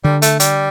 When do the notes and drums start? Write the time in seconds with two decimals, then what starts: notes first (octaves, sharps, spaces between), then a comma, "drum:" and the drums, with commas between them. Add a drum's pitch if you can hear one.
0.04 D3 G3
0.22 A3, drum: hi-hat
0.40 G3, drum: hi-hat